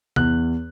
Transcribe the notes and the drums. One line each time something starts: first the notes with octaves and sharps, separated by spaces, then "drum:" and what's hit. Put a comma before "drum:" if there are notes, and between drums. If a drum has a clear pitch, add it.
E2 F#6, drum: tom C3